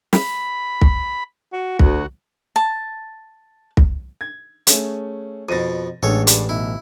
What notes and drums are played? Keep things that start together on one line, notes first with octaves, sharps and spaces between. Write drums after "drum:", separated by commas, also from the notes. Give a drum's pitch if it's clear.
B5, drum: snare
drum: kick
F#4
D2 F#4, drum: kick
A5
drum: kick
G#6
A3 C#4 G#4, drum: hi-hat
F2 B2 A6 A#6 D#7
A1 G#3 D4 A4 C#5
G2, drum: hi-hat
B1 E4